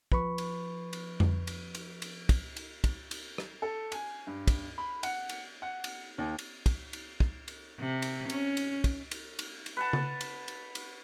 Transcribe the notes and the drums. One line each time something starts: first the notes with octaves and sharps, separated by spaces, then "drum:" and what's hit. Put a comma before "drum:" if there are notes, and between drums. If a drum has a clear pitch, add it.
F3 B4 B5 C#6, drum: kick
drum: cymbal
drum: cymbal
drum: tom F2
drum: cymbal
drum: cymbal
drum: cymbal
drum: kick, cymbal
drum: cymbal
drum: kick, cymbal
drum: cymbal
drum: rim click
A4
G#5, drum: cymbal
G2
drum: kick, cymbal
B5
F#5, drum: cymbal
drum: cymbal
F#5
drum: cymbal
D#2
drum: cymbal
drum: kick, cymbal
drum: cymbal
drum: kick
drum: cymbal
C3
drum: cymbal
C#4, drum: cymbal
drum: cymbal
drum: kick, cymbal
drum: cymbal
drum: cymbal
drum: cymbal
B4 F#5 A5
drum: tom C#3
drum: cymbal
drum: cymbal
drum: cymbal